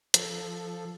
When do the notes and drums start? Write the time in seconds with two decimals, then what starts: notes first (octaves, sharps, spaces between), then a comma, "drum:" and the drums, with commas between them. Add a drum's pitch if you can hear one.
0.14 F3 A4, drum: hi-hat